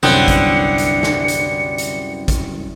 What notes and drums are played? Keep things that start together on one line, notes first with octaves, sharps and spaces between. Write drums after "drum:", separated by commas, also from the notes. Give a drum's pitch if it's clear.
C2 F#2 D3 B3 C4 C#5 C#7
drum: kick A1, hi-hat
drum: hi-hat
drum: snare
drum: hi-hat
drum: hi-hat
drum: kick A1, hi-hat